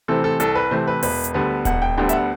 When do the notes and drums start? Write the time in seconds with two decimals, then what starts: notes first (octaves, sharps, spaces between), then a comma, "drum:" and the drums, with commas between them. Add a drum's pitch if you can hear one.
0.08 C3 E3 A3 C4 A4
0.24 A4
0.40 C2 A4, drum: hi-hat
0.55 B4
0.71 C3 E3 A3 C4 C5
0.87 B4
1.03 E1 B4, drum: open hi-hat
1.24 drum: hi-hat
1.34 D2 D3 G3 B3 B4
1.65 E1 F#5, drum: kick D1, hi-hat
1.82 G5
1.98 D2 D3 G3 B3 G5
2.09 E5, drum: hi-hat
2.13 F#5